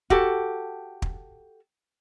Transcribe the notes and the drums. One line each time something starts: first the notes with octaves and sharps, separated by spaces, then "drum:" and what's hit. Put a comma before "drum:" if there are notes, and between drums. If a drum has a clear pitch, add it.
F#4 G4 A4 A5, drum: kick
drum: kick